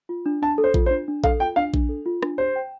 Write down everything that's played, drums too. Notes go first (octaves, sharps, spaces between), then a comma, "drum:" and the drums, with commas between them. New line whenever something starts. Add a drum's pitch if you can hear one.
F4
D4
D4 A5
A4
C5
F4, drum: kick A#1
C5
D4
D4
A4 F5, drum: kick A#1
F4 G5
D4 F5
D4, drum: kick A#1
A4
F4
D4, drum: rim click
G4 C5
G5